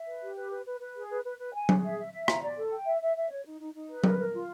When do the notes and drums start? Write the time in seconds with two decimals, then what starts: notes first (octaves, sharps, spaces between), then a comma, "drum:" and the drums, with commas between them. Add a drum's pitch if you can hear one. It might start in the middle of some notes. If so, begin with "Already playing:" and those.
Already playing: E5
0.08 B4
0.22 G4
0.36 B4
0.51 B4
0.66 B4
0.80 B4
0.95 G#4
1.10 B4
1.24 B4
1.39 B4
1.54 G#5
1.69 G#4, drum: tom F#3
1.84 E5
1.99 E5
2.12 E5
2.28 A#5, drum: rim click
2.43 D5
2.56 A4
2.72 G5
2.86 E5
3.00 E5
3.16 E5
3.30 C#5
3.45 D#4
3.60 D#4
3.74 D#4
3.90 B4
4.04 A#4, drum: tom F#3
4.18 A#4
4.34 F4